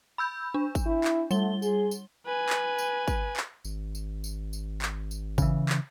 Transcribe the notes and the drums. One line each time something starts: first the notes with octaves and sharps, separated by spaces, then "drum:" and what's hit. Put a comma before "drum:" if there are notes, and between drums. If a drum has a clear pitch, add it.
B5 E6 G6
D4
drum: kick G#1, tambourine
E4
drum: clap
G3 A3 G7, drum: tambourine
G#4, drum: tambourine
drum: tambourine
B4 G#5
drum: clap
drum: tambourine
drum: kick G#1, tambourine
drum: clap
G#1, drum: tambourine
drum: tambourine
drum: tambourine
drum: tambourine
drum: clap
drum: tambourine
C#3 E3, drum: kick G#1, tambourine
drum: clap